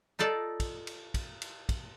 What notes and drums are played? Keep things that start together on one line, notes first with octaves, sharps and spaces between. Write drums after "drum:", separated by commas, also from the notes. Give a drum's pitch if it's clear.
D#4 F4 A4 D5
drum: kick, cymbal
drum: cymbal
drum: kick, cymbal
drum: cymbal
drum: kick, cymbal